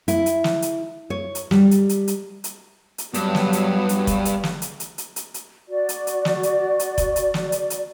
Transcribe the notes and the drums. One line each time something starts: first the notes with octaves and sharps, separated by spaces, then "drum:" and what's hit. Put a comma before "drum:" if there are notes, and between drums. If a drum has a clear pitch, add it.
E4, drum: hi-hat
drum: hi-hat
drum: snare
drum: hi-hat
C#5
drum: hi-hat
G3, drum: snare
drum: hi-hat
drum: hi-hat
drum: hi-hat
drum: hi-hat
drum: hi-hat
G2 F#3 B3, drum: hi-hat
drum: snare
drum: hi-hat
drum: hi-hat
drum: kick F1, hi-hat
drum: hi-hat
drum: snare
drum: hi-hat
drum: hi-hat
drum: hi-hat
drum: hi-hat
drum: hi-hat
F#4 D5
drum: hi-hat
drum: hi-hat
drum: snare
drum: hi-hat
drum: hi-hat
drum: kick F1, hi-hat
drum: hi-hat
drum: snare
drum: hi-hat
drum: hi-hat